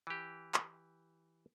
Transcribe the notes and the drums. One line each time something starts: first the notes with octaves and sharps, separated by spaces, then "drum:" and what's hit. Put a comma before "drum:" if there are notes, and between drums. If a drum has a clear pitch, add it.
E3 G4
drum: clap